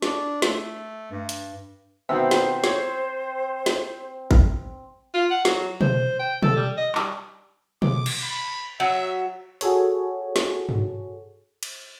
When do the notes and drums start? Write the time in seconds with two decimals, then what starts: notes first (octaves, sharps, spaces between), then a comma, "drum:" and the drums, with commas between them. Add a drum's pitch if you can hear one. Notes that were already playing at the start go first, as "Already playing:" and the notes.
0.02 D4, drum: snare
0.42 A3, drum: snare
1.12 G2
1.29 drum: hi-hat
2.09 B2 D#3 B3 C4 C5 E5
2.31 drum: snare
2.64 C#5, drum: snare
3.66 drum: snare
4.31 drum: kick A1
5.14 F4
5.30 F#5
5.45 F#3, drum: snare
5.81 C5, drum: tom B2
6.19 G5
6.43 A4, drum: tom B2
6.56 G3
6.77 D#5
6.95 G3, drum: clap
7.82 D6, drum: tom B2
8.06 drum: cymbal
8.22 B5
8.80 F#3 E5
9.61 F#4 G#4 A4 C#5, drum: hi-hat
10.36 drum: snare
10.69 drum: tom G2
11.63 drum: cymbal